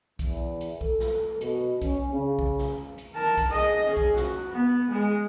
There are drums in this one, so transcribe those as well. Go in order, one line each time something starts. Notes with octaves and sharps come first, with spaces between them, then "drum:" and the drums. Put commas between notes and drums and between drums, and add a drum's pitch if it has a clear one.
E2, drum: kick B1, hi-hat
drum: hi-hat
A4, drum: kick B1
drum: snare
B2, drum: hi-hat
C#4, drum: kick B1, hi-hat
C#3
drum: kick B1
drum: snare
drum: hi-hat
A#4 A5
drum: kick B1, hi-hat
G#4 D#5
C#4 G#4
drum: kick B1
F#4, drum: snare
B3
G#3 G#4